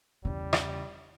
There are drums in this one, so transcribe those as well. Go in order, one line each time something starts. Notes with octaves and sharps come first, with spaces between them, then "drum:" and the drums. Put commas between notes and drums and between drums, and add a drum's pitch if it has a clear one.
E2 C#3 G3
drum: rim click